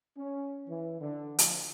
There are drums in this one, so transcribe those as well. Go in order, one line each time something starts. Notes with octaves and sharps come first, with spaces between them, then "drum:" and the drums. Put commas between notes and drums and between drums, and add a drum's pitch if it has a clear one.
C#4
E3
D3
F3, drum: hi-hat